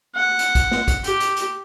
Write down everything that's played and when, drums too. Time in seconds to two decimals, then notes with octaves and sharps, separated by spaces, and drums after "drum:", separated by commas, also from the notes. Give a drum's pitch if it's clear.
0.16 F#5
0.39 drum: hi-hat
0.55 drum: kick, hi-hat
0.71 drum: snare
0.88 drum: kick, hi-hat
1.04 G4, drum: hi-hat
1.20 drum: hi-hat
1.37 drum: hi-hat